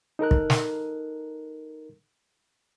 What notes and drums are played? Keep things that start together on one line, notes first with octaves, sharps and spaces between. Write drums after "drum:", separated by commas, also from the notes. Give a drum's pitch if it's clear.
D#4 A4 A#4 F#6
drum: kick
drum: snare